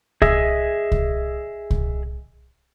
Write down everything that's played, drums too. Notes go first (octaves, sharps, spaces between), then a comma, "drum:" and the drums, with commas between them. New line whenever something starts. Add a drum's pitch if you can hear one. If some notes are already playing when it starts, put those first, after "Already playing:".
G#4 D#5 E5, drum: kick C2
drum: kick C2
drum: kick C2